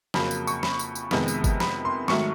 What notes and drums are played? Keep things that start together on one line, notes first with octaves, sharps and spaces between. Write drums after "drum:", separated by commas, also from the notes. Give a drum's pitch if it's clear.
F2 C#3 F#3 A#3 B5, drum: snare
drum: tambourine
C#6, drum: tambourine
B5, drum: snare
drum: tambourine
drum: tambourine
F2 C3 D#3 G#3 B3, drum: snare
drum: tambourine
drum: kick G1, tambourine
B5, drum: snare
C6
G#2 D#3 F#3 A3 C#6, drum: snare